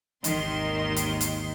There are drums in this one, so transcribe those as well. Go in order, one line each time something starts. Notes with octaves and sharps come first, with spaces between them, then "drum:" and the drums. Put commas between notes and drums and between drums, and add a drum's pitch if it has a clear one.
G#1 D#2 D#3 C6, drum: hi-hat
drum: hi-hat
drum: hi-hat